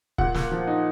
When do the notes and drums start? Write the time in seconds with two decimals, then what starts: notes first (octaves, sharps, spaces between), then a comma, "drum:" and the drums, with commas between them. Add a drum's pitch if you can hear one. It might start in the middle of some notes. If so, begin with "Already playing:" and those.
0.18 A#2 F#5, drum: kick C#1
0.35 A#3, drum: snare
0.51 F3
0.67 D#4